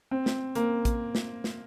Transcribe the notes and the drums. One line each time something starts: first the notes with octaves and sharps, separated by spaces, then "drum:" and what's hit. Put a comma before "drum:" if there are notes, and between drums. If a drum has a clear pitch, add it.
C4
drum: snare
A#3, drum: hi-hat
drum: kick, hi-hat
drum: snare
drum: snare